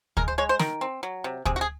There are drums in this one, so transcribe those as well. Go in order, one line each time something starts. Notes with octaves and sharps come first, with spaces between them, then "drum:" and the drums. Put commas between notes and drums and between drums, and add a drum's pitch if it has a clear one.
G#3 A#4, drum: kick D2
C5
G#3 C#5
C5
D#3 A#4, drum: snare
C4
F#3
C3
C3 G#4, drum: kick D2
F#4
G#4